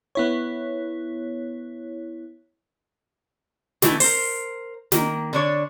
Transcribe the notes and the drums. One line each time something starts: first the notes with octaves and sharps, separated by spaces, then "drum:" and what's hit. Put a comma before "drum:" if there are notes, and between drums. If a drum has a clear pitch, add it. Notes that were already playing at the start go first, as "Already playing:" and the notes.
B3 E4 C#5
D#3 E3 A3, drum: snare
A#4 C5, drum: open hi-hat
D#3 A#3, drum: snare
D3 D4 C#5